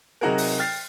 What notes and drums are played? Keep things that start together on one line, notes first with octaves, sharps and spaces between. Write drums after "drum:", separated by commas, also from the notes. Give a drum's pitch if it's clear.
C3 F#3 D#4 F#4 G#4 A#4
drum: open hi-hat
G5 F6 A6 C7